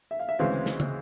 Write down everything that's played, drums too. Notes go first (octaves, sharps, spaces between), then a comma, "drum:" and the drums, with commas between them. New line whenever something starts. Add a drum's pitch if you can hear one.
E5
F5
E5
D2 C#3 E3 G#3 C4 F5
drum: snare
drum: tom